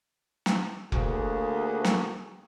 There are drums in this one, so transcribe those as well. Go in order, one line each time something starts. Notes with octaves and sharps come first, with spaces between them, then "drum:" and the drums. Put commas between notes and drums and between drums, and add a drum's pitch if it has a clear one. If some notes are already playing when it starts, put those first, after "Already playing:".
drum: snare
D2 A#3 F#4 G#4, drum: kick F1
drum: snare